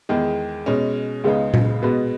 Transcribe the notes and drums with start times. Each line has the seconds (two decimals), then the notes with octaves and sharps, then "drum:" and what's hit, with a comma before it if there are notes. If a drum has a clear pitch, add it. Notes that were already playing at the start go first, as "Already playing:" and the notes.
0.09 E2 D#3 G#3
0.66 B2 G#3 C#4
1.24 C#2 C#3 G#3 B3 D#4
1.54 drum: tom A#2
1.82 B2 G#3 B3 F#4